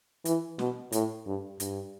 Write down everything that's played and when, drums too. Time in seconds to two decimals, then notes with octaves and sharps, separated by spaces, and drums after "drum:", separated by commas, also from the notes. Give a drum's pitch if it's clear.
0.25 E3, drum: hi-hat
0.59 B2, drum: snare
0.92 A2, drum: hi-hat
1.27 G2
1.60 G2, drum: hi-hat